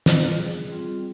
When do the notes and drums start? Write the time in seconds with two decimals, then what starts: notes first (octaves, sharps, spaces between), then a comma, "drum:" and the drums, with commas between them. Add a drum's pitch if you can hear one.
0.06 G3 C4 F4 C5, drum: snare
0.39 G#4
0.55 G#4
0.71 G3 C4 F4